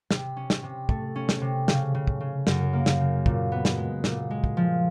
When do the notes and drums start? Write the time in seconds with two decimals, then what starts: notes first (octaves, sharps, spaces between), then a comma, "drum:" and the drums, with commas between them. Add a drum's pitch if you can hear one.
0.11 C3, drum: snare
0.37 C#4
0.50 drum: snare
0.63 C3
0.89 A3, drum: kick
1.16 C#4
1.29 drum: snare
1.41 C3
1.68 C#3, drum: snare
1.95 C#3
2.07 drum: kick
2.21 C#3
2.47 F#2, drum: snare
2.73 A#3
2.86 drum: snare
3.00 C#3
3.26 A#2, drum: kick
3.52 B3
3.65 drum: snare
3.78 G#3
4.04 A#2, drum: snare
4.31 G#3
4.44 drum: kick
4.57 F3